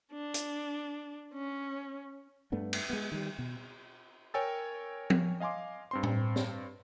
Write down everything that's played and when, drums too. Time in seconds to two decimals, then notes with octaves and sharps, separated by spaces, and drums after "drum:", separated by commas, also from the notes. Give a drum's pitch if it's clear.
0.13 D4
0.34 drum: hi-hat
1.34 C#4
2.52 G2 A3 B3 D4
2.73 drum: cymbal
2.90 G#3 B3
3.12 D#3 G3
3.39 B2
4.34 A#4 C#5 G5 G#5 E6 A6
5.10 drum: tom F3
5.40 D#5 F5 G#5 C6 D6
5.91 G2 C4 C6
6.03 drum: tom A2
6.36 drum: snare